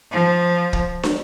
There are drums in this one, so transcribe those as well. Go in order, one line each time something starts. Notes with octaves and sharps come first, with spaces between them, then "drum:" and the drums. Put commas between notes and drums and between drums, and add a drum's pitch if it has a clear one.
F3
drum: kick
drum: snare